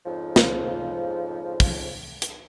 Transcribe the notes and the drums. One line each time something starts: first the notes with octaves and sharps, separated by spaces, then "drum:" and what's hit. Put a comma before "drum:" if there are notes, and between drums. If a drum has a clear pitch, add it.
F2 G#2 C#3 F3
drum: snare
drum: kick, open hi-hat
drum: hi-hat